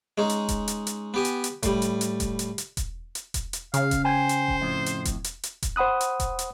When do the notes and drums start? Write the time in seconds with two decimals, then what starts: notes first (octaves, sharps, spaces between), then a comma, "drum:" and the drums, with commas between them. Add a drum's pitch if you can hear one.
0.18 G#3 C#4 D#4
0.30 drum: hi-hat
0.49 drum: kick E1, hi-hat
0.68 drum: hi-hat
0.87 drum: hi-hat
1.14 B3 G4 G#5
1.25 drum: hi-hat
1.44 drum: hi-hat
1.63 A2 G3, drum: kick E1, hi-hat
1.82 drum: hi-hat
2.01 drum: hi-hat
2.20 drum: kick E1, hi-hat
2.39 drum: hi-hat
2.58 drum: hi-hat
2.77 drum: kick E1, hi-hat
3.15 drum: hi-hat
3.34 drum: kick E1, hi-hat
3.53 drum: hi-hat
3.74 C#3 F5, drum: hi-hat
3.91 drum: kick E1, hi-hat
4.04 C5 G5 G#5
4.29 drum: hi-hat
4.48 drum: kick E1
4.61 F2 A2
4.86 drum: hi-hat
5.05 drum: kick E1, hi-hat
5.24 drum: hi-hat
5.43 drum: hi-hat
5.62 drum: kick E1, hi-hat
5.76 C5 F#5 B5 D#6 F#6
6.01 drum: hi-hat
6.20 drum: kick E1, hi-hat
6.39 drum: hi-hat